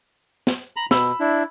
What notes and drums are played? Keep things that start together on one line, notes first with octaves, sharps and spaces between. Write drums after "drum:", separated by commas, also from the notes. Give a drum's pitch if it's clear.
drum: snare
A#5 B5
B2 B5 E6, drum: snare
D4 E4